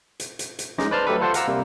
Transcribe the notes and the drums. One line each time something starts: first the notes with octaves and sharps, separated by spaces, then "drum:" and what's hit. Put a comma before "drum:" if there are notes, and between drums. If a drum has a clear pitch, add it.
drum: hi-hat
drum: hi-hat
drum: hi-hat
G#3 C#4 D#4 D#5 D6, drum: snare
B4 C5 D5 A5 C6 F6
F#3 A3 G4 A4 B4
F4 A4 C5 F#5 A5 C6
F5 F#5 A#5 D6 E6, drum: hi-hat
C3 G3 A#3